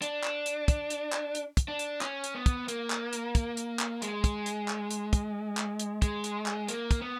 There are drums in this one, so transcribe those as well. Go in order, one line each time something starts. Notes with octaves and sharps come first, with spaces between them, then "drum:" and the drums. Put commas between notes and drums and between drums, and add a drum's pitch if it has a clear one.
D4, drum: hi-hat
drum: clap
drum: hi-hat
drum: kick, hi-hat
drum: hi-hat
drum: clap
drum: hi-hat
drum: kick, hi-hat
D4
drum: hi-hat
C#4, drum: clap
drum: hi-hat
B3
drum: kick, hi-hat
A#3, drum: hi-hat
drum: clap
drum: hi-hat
drum: kick, hi-hat
drum: hi-hat
drum: clap
G#3, drum: hi-hat
drum: kick, hi-hat
drum: hi-hat
drum: clap
drum: hi-hat
drum: kick, hi-hat
drum: clap
drum: hi-hat
G#3, drum: kick, hi-hat
drum: hi-hat
drum: clap
A#3, drum: hi-hat
drum: kick, hi-hat
B3